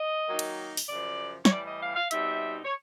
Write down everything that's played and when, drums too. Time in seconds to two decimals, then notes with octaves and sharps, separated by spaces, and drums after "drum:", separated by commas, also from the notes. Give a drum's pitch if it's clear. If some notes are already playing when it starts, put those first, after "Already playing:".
Already playing: D#5
0.27 D#3 F#3 A#3 D#4
0.39 drum: cymbal
0.77 drum: open hi-hat
0.89 F#2 C#3 F3 D5
1.45 C#5, drum: snare
1.49 A2 E3 G3 D5
1.66 D#5
1.81 F5
1.95 F5
2.11 B2 G3 C4 D#4 E5, drum: hi-hat
2.65 C#5